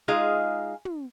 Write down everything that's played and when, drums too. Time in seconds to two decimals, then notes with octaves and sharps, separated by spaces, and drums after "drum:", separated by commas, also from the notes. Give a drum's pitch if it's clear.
0.08 G#3 D#4 F4 G#4 D#5 F5
0.85 drum: tom